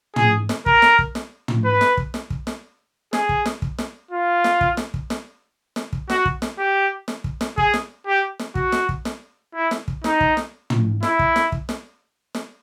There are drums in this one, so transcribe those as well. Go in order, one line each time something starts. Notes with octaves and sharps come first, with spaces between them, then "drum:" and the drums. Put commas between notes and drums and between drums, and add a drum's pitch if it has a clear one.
G#4, drum: tom
drum: snare
A#4, drum: kick
drum: snare
drum: kick
drum: snare
drum: tom
B4
drum: snare
drum: kick
drum: snare
drum: kick
drum: snare
G#4, drum: snare
drum: kick
drum: snare
drum: kick
drum: snare
F4
drum: snare
drum: kick
drum: snare
drum: kick
drum: snare
drum: snare
drum: kick
F#4, drum: snare
drum: kick
drum: snare
G4
drum: snare
drum: kick
drum: snare
G#4, drum: kick
drum: snare
G4
drum: snare
F#4, drum: kick
drum: snare
drum: kick
drum: snare
E4
drum: snare
drum: kick
D#4, drum: snare
drum: kick
drum: snare
drum: tom
E4, drum: snare
drum: kick
drum: snare
drum: kick
drum: snare
drum: snare